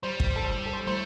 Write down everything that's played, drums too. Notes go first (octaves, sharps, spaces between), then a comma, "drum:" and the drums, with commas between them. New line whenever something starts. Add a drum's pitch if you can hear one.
G3 C5
drum: kick
A4
C5
A4
C5
A3 C5